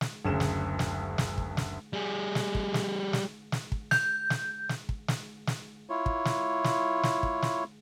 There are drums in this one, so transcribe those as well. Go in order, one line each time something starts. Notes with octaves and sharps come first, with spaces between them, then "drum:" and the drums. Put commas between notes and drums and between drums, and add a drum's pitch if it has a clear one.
drum: snare
F#1 D2 C#3 E7
drum: snare
drum: snare
drum: snare
drum: kick
drum: snare
G3 G#4
drum: snare
drum: kick
drum: snare
drum: snare
drum: snare
drum: kick
G6, drum: snare
drum: snare
drum: snare
drum: kick
drum: snare
drum: snare
E4 F4 C#5
drum: kick
drum: snare
drum: snare
drum: snare
drum: kick
drum: snare